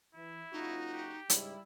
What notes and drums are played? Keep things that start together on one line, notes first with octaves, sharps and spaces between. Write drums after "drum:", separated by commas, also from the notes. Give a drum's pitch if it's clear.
E3 E4
F#1 D#4 F4 F#4
G4
G#2 C#3 G3 D#4 E4, drum: hi-hat